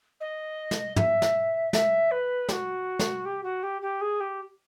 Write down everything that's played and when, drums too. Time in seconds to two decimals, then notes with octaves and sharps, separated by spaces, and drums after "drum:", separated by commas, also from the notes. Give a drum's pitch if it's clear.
0.20 D#5
0.71 drum: snare
0.96 E5, drum: tom
1.22 drum: snare
1.73 E5, drum: snare
2.11 B4
2.49 G4, drum: snare
2.52 F#4
2.99 drum: snare
3.25 G4
3.43 F#4
3.63 G4
3.82 G4
4.01 G#4
4.20 G4